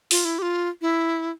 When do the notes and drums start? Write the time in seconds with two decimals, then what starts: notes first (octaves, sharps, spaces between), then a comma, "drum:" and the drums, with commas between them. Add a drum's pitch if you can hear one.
0.11 F4, drum: open hi-hat
0.25 E4
0.39 G4
0.42 F4
0.82 E4